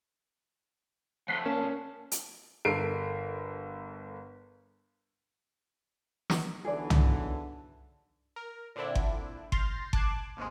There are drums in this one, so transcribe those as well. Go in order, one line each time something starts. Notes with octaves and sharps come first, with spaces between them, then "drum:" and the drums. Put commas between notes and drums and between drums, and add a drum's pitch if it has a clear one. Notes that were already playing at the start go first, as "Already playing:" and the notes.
F3 A3 F#5 B5 C6
A#2 A#3 C#4 A5
drum: hi-hat
G1 A4 A#4 C7 D7
drum: snare
B1 D3 E3 G#4 D5
drum: tom
A#4
A#2 D3 C4 D4 E4
drum: kick G1
C6 F6 G6 A6 A#6 C7, drum: kick G1
A5 D6 F#6 G#6 C7, drum: kick G1
G#1 D#2 G#2 D#3 G#3